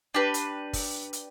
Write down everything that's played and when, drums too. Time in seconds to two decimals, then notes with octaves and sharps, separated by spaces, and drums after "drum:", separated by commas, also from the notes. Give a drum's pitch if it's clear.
0.14 D4 G4 B4
0.34 drum: hi-hat
0.73 drum: kick, open hi-hat
1.13 drum: hi-hat